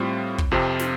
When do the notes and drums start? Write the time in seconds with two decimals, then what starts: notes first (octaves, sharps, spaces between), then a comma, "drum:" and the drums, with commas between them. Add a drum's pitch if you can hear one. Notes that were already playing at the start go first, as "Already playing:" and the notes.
Already playing: A2 G3 C4 F4
0.38 drum: kick
0.51 F2 C3 F3 C4 F4
0.80 drum: snare